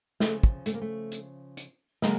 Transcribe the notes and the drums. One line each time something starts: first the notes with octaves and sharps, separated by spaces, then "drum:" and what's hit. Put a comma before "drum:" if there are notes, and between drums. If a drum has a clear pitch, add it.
C#3 F3 A3, drum: snare
drum: kick
A3, drum: hi-hat
A#3
A3
drum: hi-hat
drum: hi-hat
C#3 F#3 G#3 A#3, drum: snare